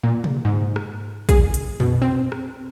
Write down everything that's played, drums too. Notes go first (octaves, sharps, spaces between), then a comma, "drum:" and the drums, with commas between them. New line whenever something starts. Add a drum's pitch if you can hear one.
A#2
drum: tom C3
G#2
drum: rim click
G#4, drum: kick, hi-hat
drum: hi-hat
B2, drum: tom F2
C4
drum: rim click